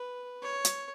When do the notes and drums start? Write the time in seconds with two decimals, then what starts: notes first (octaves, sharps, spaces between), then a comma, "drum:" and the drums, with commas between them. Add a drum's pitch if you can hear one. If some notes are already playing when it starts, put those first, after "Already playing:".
Already playing: B4
0.42 C#5
0.65 drum: hi-hat